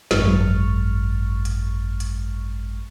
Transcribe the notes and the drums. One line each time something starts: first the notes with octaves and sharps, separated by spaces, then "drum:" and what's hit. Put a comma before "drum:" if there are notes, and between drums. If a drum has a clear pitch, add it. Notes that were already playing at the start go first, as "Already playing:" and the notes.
G#1 F#2 G#3 C#6 F6 A6, drum: snare
drum: tom F3
drum: hi-hat
drum: hi-hat